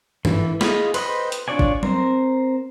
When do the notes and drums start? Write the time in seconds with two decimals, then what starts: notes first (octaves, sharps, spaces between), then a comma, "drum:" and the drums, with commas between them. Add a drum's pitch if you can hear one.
0.25 E3, drum: tom
0.61 F4 G#4 D#5 F5 B5, drum: snare
0.94 B4 C5 D#5 G5 B5, drum: cymbal
1.32 drum: hi-hat
1.48 D4 F4 C#5 D5 G#5
1.59 drum: kick G#1
1.83 C4 A#4 C5, drum: tom F#3